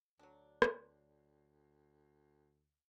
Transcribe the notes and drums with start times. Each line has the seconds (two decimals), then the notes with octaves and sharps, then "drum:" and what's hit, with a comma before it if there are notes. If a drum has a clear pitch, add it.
0.19 D2 F#3 D4
0.62 drum: rim click